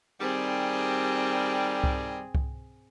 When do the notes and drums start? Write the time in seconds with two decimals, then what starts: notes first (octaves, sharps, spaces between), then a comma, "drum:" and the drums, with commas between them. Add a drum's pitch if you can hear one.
0.21 D#3 G3 C4 G#4
1.84 drum: kick C2
2.35 drum: kick C2